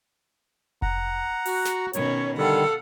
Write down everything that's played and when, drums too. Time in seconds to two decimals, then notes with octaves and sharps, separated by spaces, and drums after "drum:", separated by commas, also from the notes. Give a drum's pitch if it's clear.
0.82 F#5 A#5, drum: kick F1
1.46 F#4, drum: open hi-hat
1.65 drum: snare
1.93 B2 D#3 C#4 C#5, drum: hi-hat
2.37 D3 D#3 G3 A4 F5 F#5